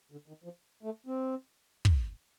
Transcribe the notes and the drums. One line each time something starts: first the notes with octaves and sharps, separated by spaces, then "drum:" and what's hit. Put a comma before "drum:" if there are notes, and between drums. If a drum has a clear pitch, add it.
D3
D#3
F3
A3
C4
drum: kick